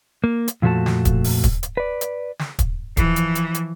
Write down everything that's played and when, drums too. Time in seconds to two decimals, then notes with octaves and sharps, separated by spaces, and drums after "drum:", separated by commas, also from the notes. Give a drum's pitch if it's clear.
0.24 A#3
0.48 drum: hi-hat
0.62 F2 A#2 F3 A3 F#4 A5
0.86 drum: snare
1.05 drum: kick, hi-hat
1.24 drum: open hi-hat
1.44 drum: kick, hi-hat
1.63 drum: hi-hat
1.77 B4 D5
2.01 drum: hi-hat
2.39 drum: snare
2.59 drum: kick, hi-hat
2.97 E3 F3, drum: kick, hi-hat
3.16 drum: hi-hat
3.35 drum: hi-hat
3.54 drum: hi-hat